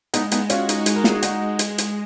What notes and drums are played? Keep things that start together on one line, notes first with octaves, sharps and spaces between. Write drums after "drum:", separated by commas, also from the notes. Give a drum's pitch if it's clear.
G#3 B3 D#4, drum: hi-hat
G#3 B3 D#4, drum: hi-hat
C#4 F4 F#4, drum: hi-hat
D#4, drum: hi-hat
G#3, drum: hi-hat
A#4
G#3 G#4, drum: snare
G#3 D#4 F#4, drum: hi-hat
G#3
G#3, drum: hi-hat
G#3, drum: hi-hat